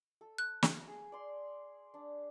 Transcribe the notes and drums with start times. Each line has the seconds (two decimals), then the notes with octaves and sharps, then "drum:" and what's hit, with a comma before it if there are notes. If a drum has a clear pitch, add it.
0.21 A4
0.38 F#6
0.63 drum: snare
0.87 G#4
1.12 D5 C6
1.94 D4